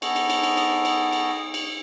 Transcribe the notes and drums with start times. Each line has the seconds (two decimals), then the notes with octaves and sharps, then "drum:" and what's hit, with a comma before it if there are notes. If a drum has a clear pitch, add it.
0.02 B3 G#4 A4 D#5 C#6, drum: cymbal
0.16 drum: cymbal
0.30 drum: cymbal
0.43 drum: cymbal
0.57 drum: cymbal
0.85 drum: cymbal
1.13 drum: cymbal
1.54 drum: cymbal